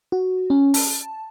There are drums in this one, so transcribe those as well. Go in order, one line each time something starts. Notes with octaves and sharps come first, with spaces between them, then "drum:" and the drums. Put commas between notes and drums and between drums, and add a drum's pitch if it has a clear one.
F#4
C#4
A5, drum: open hi-hat